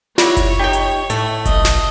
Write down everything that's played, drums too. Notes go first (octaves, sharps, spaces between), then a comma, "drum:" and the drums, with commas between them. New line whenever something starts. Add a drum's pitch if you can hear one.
E4 F4 C#5 D5 F#5, drum: snare
drum: kick F#1, hi-hat
D#4 G4 G5
drum: hi-hat
A2 A3, drum: hi-hat
B1 D#5, drum: kick F#1, hi-hat
drum: snare